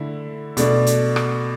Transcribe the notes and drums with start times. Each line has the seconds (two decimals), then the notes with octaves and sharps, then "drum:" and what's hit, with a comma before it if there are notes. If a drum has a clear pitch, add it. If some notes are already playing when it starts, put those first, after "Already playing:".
Already playing: D3 A3 E4
0.57 B2 A3 D4, drum: hi-hat
0.87 drum: hi-hat
1.16 drum: rim click